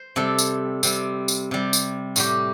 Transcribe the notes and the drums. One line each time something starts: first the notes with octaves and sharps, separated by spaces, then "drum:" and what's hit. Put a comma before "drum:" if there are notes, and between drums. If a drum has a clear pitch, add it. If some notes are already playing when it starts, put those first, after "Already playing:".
Already playing: C5
C3 G3 A4
drum: tambourine
C3 G3, drum: tambourine
drum: tambourine
C3 G3
drum: tambourine
A2 G3 G4, drum: tambourine